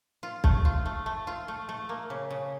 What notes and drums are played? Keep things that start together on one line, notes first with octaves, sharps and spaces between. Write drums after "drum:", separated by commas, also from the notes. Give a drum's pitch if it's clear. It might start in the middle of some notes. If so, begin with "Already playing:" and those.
F4
A3, drum: kick B1
F4
A3
A3
F4
A3
A3
A#3
C#3
C#3